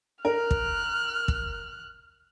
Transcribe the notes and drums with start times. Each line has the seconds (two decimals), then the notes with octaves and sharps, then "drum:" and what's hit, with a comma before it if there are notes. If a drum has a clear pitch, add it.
0.25 A#4 F6 F#6
0.51 drum: kick
1.28 drum: kick